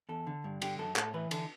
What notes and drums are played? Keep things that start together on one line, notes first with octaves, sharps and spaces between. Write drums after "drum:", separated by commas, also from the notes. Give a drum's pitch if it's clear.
E2 A4
D3
G2
D3 G4, drum: cymbal
F#2 A4
A2 A4, drum: clap
E3 B4
D3 A4, drum: cymbal